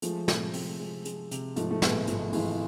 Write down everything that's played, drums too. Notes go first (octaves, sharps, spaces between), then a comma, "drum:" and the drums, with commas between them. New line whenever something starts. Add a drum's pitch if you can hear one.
F3 G#3 A3, drum: hi-hat
C3, drum: snare
C4, drum: open hi-hat
G#3
G#3, drum: hi-hat
C3, drum: hi-hat
G#2 F3 A3, drum: hi-hat
A3
G#1 G#3 B3, drum: snare
G#1 F3 A3, drum: hi-hat
G#1 E3 G#3, drum: open hi-hat